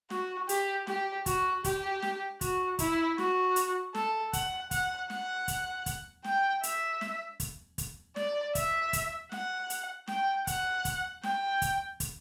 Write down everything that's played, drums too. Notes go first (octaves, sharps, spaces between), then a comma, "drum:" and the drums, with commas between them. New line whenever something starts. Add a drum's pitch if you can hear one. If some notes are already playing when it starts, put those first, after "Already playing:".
F#4, drum: snare
G4, drum: hi-hat
G4, drum: snare
F#4, drum: kick, hi-hat
G4, drum: kick, hi-hat
drum: snare
F#4, drum: kick, hi-hat
E4, drum: kick, hi-hat
F#4, drum: snare
drum: hi-hat
A4, drum: snare
F#5, drum: kick, hi-hat
F#5, drum: kick, hi-hat
F#5, drum: snare
drum: kick, hi-hat
drum: kick, hi-hat
G5, drum: snare
E5, drum: hi-hat
drum: snare
drum: kick, hi-hat
drum: kick, hi-hat
D5, drum: snare
E5, drum: kick, hi-hat
drum: kick, hi-hat
F#5, drum: snare
drum: hi-hat
G5, drum: snare
F#5, drum: kick, hi-hat
drum: kick, hi-hat
G5, drum: snare
drum: kick, hi-hat
drum: kick, hi-hat